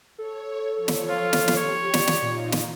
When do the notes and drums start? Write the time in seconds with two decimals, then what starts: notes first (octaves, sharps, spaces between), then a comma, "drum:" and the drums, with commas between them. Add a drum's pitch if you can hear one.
0.18 A4 C#5
0.76 F3 A4 C#5
0.88 drum: snare
1.09 F4
1.33 drum: snare
1.48 drum: snare
1.57 G4 C#5
1.94 D5, drum: snare
2.07 drum: snare
2.22 A#2 D#4 F4
2.52 drum: snare